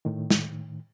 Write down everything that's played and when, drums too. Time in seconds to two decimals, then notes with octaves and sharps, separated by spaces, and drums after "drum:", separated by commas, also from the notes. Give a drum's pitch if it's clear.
0.05 A2 D#3
0.30 drum: snare